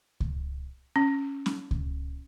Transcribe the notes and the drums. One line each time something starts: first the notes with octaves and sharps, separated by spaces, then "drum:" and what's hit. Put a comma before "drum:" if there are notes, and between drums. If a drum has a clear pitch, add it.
drum: kick C#2
C#4
drum: snare C#4
drum: kick C#2